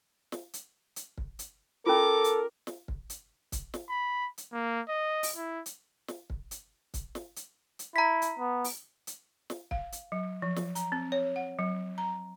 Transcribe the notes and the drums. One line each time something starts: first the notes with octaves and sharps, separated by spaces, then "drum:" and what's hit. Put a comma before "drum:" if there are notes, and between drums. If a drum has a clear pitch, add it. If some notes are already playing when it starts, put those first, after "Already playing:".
drum: snare
drum: hi-hat
drum: hi-hat
drum: kick
drum: hi-hat
C#4 F4 A4 A#4 D6
drum: hi-hat
drum: snare
drum: kick
drum: hi-hat
drum: kick, hi-hat
drum: snare
B5
drum: hi-hat
A#3
D#5
drum: open hi-hat
E4
drum: hi-hat
drum: snare
drum: kick
drum: hi-hat
drum: kick, hi-hat
drum: snare
drum: hi-hat
drum: hi-hat
E4 A#5 B6
drum: hi-hat
B3
drum: open hi-hat
drum: hi-hat
drum: snare
F5, drum: kick
drum: hi-hat
F#3
F3
drum: snare
A#5, drum: hi-hat
C4
C#5
F#5
F#3
A#5